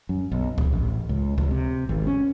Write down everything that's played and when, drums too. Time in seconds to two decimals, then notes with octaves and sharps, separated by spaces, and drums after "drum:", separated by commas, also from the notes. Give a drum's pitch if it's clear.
0.09 F#2
0.32 B1
0.58 E1, drum: kick C#2
0.73 A1
1.09 C#2
1.38 C#2, drum: kick C#2
1.51 C3
1.89 G#1
2.07 C#4